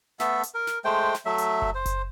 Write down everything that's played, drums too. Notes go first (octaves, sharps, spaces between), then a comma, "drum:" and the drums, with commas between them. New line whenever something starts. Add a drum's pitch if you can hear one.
A3 B3 A4 E5, drum: snare
drum: hi-hat
A#4
drum: snare
G#3 A3 C5 G5
drum: snare
F#3 A3 E5
drum: hi-hat
drum: kick F#1
C5
drum: kick F#1, hi-hat